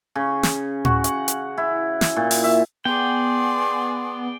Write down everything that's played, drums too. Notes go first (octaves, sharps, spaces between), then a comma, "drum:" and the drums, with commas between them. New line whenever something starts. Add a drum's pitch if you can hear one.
C#3
drum: snare
F#4, drum: tom A2
F#5, drum: hi-hat
drum: hi-hat
E4
drum: snare
A#2
drum: open hi-hat
E5
B3 G#4 D5 G5 C6